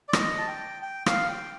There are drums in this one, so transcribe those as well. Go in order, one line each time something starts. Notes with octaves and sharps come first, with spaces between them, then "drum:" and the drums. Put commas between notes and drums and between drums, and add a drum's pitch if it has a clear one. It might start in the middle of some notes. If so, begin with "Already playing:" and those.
D5
D#5, drum: rim click
A5
G5
G5
F5, drum: rim click
G5